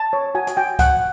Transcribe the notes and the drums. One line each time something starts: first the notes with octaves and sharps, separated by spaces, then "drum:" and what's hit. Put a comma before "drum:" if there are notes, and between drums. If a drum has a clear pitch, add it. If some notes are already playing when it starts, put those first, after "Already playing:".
Already playing: A5
C#5
F#4 G#5
G#5, drum: hi-hat
F#4 G5
F#4 F#5, drum: kick C#2, hi-hat